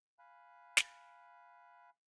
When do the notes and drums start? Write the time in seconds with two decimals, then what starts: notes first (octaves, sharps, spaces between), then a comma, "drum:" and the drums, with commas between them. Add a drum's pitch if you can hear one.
0.19 F5 G#5 B5 F#6
0.77 drum: snare